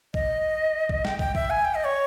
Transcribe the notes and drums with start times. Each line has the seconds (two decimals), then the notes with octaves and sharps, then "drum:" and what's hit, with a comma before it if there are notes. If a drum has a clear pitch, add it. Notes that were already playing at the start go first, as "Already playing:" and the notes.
0.14 D#5, drum: kick
0.89 drum: kick
1.05 G5, drum: snare
1.19 G5, drum: kick
1.35 E5, drum: kick
1.50 G#5
1.65 G5
1.75 D#5
1.84 C#5